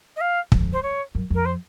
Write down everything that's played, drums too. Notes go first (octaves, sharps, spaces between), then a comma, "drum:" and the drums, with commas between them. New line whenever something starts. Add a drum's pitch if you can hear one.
D#5
F5
F2, drum: kick
C5
C#5
F#2
F2 A#4
C5